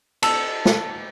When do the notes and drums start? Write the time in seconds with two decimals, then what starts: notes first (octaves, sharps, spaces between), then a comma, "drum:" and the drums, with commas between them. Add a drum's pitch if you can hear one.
0.22 A5 E6, drum: cymbal
0.65 drum: snare